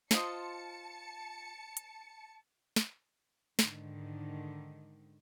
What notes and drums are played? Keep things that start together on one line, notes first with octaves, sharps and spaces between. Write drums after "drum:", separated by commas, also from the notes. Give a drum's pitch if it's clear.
F4 C5 D#5 A5 C#7, drum: snare
drum: hi-hat
drum: snare
G#2 D3 D#3, drum: snare